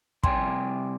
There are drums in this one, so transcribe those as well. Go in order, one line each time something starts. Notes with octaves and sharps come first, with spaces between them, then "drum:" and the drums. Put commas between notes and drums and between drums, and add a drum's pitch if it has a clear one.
C3 G3 G5 G#5 C6, drum: kick